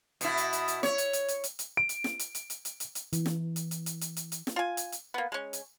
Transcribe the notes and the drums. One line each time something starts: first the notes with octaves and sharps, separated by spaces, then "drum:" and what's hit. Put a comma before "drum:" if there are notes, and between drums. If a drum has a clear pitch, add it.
B2 E4, drum: hi-hat
drum: hi-hat
drum: hi-hat
drum: hi-hat
C#5, drum: snare
drum: hi-hat
drum: hi-hat
drum: hi-hat
drum: hi-hat
drum: hi-hat
D7
drum: hi-hat
drum: snare
drum: hi-hat
drum: hi-hat
drum: hi-hat
drum: hi-hat
drum: hi-hat
drum: hi-hat
E3, drum: hi-hat
drum: snare
drum: hi-hat
drum: hi-hat
drum: hi-hat
drum: hi-hat
drum: hi-hat
drum: hi-hat
drum: snare
F4 G#5
drum: hi-hat
drum: hi-hat
A#3 B3
G#3 C#4
drum: hi-hat